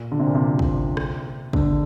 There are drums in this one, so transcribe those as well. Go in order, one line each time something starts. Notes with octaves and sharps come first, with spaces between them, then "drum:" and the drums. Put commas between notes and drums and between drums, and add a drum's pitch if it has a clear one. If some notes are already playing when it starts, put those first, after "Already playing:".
Already playing: A#2
D3
C3
A#2
C3
drum: kick
drum: rim click
D3, drum: kick